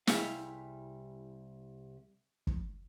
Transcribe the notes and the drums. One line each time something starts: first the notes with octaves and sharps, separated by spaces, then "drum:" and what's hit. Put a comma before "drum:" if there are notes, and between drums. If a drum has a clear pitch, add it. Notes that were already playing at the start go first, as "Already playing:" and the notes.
C2 F2 G3 E4 G#4 F5, drum: snare
drum: kick